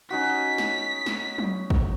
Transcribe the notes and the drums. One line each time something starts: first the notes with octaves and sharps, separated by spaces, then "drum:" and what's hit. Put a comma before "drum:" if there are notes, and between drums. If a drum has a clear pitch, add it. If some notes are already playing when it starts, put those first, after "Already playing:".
C#4 D#4 F#4 B6
drum: snare
drum: snare
drum: tom F#3
drum: kick